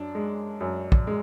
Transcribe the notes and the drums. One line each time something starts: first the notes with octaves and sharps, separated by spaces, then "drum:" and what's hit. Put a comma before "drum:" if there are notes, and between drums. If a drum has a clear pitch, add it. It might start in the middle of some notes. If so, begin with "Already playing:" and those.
Already playing: F#2 D4
G#3
F#2
drum: kick
G#3